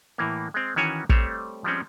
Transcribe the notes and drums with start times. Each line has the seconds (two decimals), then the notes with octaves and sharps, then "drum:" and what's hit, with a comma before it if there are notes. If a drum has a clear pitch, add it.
0.18 A2 E3 A#3
0.54 G#3 C4
0.76 D#3 E3 C#4 F#4 C#5 G#5
1.09 G3 A3 C4 C5 C#5, drum: kick
1.64 F3 G3 G#3 C4 C#4